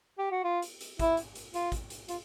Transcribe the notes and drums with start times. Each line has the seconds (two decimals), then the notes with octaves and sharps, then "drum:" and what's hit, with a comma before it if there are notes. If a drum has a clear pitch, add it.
0.18 G4
0.31 F#4
0.44 F4
0.62 drum: hi-hat
0.81 drum: hi-hat
0.99 E4, drum: kick, hi-hat
1.17 drum: hi-hat
1.35 drum: hi-hat
1.54 F4, drum: hi-hat
1.72 drum: kick, hi-hat
1.90 drum: hi-hat
2.09 F4, drum: hi-hat